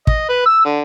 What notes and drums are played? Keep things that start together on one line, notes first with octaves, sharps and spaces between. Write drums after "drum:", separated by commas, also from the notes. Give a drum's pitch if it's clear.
D#5, drum: kick
B4
E6
D3